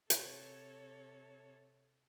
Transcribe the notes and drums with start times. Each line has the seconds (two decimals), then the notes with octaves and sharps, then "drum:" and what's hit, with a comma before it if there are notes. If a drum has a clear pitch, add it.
0.10 C3 A4 C#5, drum: hi-hat